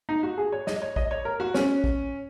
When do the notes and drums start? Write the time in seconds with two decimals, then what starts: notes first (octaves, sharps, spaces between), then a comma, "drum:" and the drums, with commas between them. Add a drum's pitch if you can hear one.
0.09 D#4
0.23 F#4
0.38 G#4
0.52 C#5
0.67 D#5, drum: snare
0.82 C#5
0.96 D#5, drum: kick
1.11 C#5
1.25 A#4
1.40 F#4
1.54 C#4, drum: snare
1.84 drum: kick